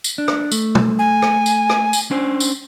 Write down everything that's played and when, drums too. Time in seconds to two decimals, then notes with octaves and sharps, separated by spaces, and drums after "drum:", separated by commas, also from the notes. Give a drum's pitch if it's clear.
0.04 drum: tambourine
0.18 D4
0.28 drum: rim click
0.51 A3, drum: tambourine
0.75 drum: tom
0.99 G#5
1.22 drum: rim click
1.46 drum: tambourine
1.70 drum: rim click
1.93 drum: tambourine
2.11 C#4 D4 C5
2.40 drum: tambourine